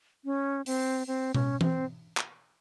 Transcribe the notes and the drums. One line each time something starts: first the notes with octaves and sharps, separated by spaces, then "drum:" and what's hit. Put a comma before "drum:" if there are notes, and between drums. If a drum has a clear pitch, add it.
C#4
C4, drum: open hi-hat
C4
C#4, drum: tom B2
C4, drum: tom E3
drum: clap